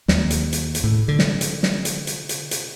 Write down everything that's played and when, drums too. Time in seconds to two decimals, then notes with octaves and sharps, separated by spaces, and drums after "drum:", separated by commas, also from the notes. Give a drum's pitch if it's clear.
0.08 D#2, drum: snare
0.30 drum: hi-hat
0.53 drum: hi-hat
0.75 drum: hi-hat
0.84 A2
1.08 D3
1.19 drum: snare
1.41 drum: hi-hat
1.63 drum: snare
1.85 drum: hi-hat
2.07 drum: hi-hat
2.29 drum: hi-hat
2.51 drum: hi-hat